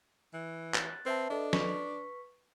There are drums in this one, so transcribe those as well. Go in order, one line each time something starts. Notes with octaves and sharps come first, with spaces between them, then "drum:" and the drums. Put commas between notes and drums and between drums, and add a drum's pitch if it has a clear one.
E3
F#6 A6, drum: clap
C4 B4 E5 A5
D4 A4 D#5
B4 C#6 B6, drum: snare